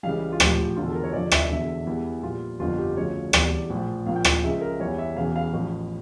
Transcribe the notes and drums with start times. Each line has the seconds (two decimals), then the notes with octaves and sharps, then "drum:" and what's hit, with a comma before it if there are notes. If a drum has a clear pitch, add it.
0.03 C#2 C#3 E3 G3 F5
0.33 F4
0.40 A#1 A2 F3 G4, drum: rim click
0.76 E1 E2 D3 F4
0.86 A4
0.95 A#4
1.04 C#5
1.13 F1 F2 D3 F3 D5
1.31 E5, drum: rim click
1.50 E1 E2 D3 E5
1.86 E2 E3 G3
2.23 A#1 A#2 G3 F4
2.59 G1 F2 D3 F3 F4
2.78 G4
2.97 D2 C#3 F3 C#5
3.33 E1 E2 E3 G3 D5, drum: rim click
3.70 A#1 A2 F3
4.06 A#1 A#2 F3 F5
4.16 G5
4.25 F5, drum: rim click
4.43 C#2 C#3 F3 E5
4.61 A#4
4.80 E2 E3 G3 C#5
4.98 E5
5.16 E1 E2 C#3 E3 F5
5.36 F5
5.53 A1 A2 F3